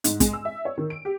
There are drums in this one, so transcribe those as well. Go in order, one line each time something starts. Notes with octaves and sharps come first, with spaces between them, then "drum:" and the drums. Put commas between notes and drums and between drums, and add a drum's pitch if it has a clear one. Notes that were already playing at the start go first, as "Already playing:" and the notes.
G#2, drum: hi-hat
G#3, drum: kick, hi-hat
E6
E5
C#5
D#3
D7
G4